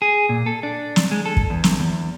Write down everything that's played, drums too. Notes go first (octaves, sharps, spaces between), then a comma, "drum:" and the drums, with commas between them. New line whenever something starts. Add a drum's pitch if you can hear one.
G#4
A#2
A4
D4
drum: snare
G#3
A4
drum: kick
E2
drum: snare
E2